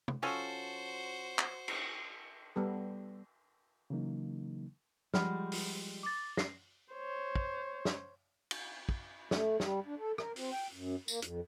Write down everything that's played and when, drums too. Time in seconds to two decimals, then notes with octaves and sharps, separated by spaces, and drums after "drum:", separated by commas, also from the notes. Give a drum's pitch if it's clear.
0.08 drum: tom C3
0.23 F3 C#4 F#4 A4 C5
1.39 drum: clap
1.68 drum: cymbal
2.56 G3 B3 A4
3.90 C#3 E3 F#3 A#3 D#4
5.14 F3 G3 G#3 F#5 B5 F6, drum: snare
5.52 drum: open hi-hat
6.03 D6 A6
6.37 A#6 C7, drum: snare
6.93 C5 C#5
7.35 drum: kick
7.85 drum: snare
8.51 drum: cymbal
8.89 drum: kick
9.31 A3, drum: snare
9.60 G3, drum: snare
9.86 D4
9.98 A4
10.18 A#4, drum: rim click
10.36 C4, drum: open hi-hat
10.51 G5
10.73 F#2
11.08 A#3, drum: tambourine
11.22 F2, drum: hi-hat